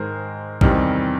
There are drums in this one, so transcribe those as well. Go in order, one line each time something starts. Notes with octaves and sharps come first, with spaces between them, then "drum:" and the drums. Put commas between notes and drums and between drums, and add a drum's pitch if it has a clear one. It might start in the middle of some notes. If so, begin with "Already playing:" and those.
Already playing: G#2 D#3 G#3 A#4 C5
E2 C3 D#3 G3, drum: kick